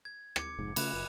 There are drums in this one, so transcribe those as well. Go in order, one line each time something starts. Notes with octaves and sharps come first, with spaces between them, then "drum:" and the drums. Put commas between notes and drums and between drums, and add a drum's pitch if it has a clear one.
G#6
D6 G#6 C#7, drum: rim click
F1 G#2
C#3 A3 B5 F#6, drum: cymbal
F#1